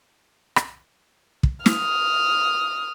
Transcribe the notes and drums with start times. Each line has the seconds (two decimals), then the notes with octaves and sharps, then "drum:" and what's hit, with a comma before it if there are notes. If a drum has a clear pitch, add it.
0.56 drum: rim click
1.43 drum: kick
1.66 D#6 F6, drum: snare